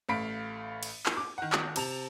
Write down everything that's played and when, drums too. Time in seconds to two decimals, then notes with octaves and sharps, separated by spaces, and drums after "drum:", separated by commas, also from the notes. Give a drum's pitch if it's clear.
0.09 A1 A3 F5 B5 B6 D7
0.83 drum: cymbal
1.06 drum: clap
1.17 D6
1.38 D#3 F#5
1.52 drum: clap
1.76 C3 A5 F7, drum: cymbal